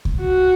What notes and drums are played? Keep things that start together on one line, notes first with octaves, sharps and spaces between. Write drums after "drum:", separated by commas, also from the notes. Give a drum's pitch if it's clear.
drum: kick C#2
F#4